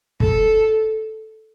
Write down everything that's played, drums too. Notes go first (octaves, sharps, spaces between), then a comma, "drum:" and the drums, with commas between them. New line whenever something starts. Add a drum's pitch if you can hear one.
A4, drum: kick